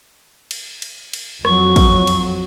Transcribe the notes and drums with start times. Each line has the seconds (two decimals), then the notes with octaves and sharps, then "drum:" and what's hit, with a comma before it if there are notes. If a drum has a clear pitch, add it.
0.51 drum: cymbal
0.82 drum: cymbal
1.13 drum: cymbal
1.45 F2 F#3 C#6, drum: rim click
1.76 drum: kick, cymbal
2.07 drum: cymbal